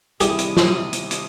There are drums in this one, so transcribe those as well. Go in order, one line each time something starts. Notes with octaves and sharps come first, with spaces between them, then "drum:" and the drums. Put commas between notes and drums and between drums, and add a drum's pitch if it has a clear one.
D#2 C3 G3 E4 G4 G#4 D#6, drum: hi-hat
drum: hi-hat
drum: snare
drum: hi-hat
drum: hi-hat